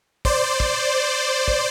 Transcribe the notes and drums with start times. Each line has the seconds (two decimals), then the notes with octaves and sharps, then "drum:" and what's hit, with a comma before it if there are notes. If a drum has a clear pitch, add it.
0.25 C5 D5, drum: kick
0.60 drum: kick
1.48 drum: kick